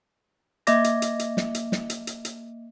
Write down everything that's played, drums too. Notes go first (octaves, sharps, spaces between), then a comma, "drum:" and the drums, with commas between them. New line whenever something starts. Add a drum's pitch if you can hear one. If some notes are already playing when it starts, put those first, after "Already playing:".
A#3 D#5 E5 D6 A#6, drum: hi-hat
drum: hi-hat
drum: hi-hat
drum: hi-hat
drum: snare
drum: hi-hat
drum: snare
drum: hi-hat
drum: hi-hat
drum: hi-hat